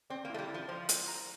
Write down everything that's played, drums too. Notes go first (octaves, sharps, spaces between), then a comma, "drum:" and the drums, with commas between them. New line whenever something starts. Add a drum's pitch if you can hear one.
C4 D5
A#3
A3 E4
G3
E4
F3
F3 C5
C5, drum: hi-hat
A#5